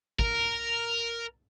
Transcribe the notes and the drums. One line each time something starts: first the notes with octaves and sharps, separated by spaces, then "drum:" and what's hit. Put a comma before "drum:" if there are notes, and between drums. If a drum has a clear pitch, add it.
A#4, drum: kick